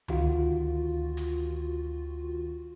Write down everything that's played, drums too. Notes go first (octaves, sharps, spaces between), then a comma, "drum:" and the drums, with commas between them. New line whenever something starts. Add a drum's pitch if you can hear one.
D2 D#3 F4 F#4, drum: tom C#2
drum: hi-hat